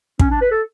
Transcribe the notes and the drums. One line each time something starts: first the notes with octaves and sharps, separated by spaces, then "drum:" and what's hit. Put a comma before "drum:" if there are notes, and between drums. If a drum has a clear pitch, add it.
C#4, drum: kick
D4
B4
A4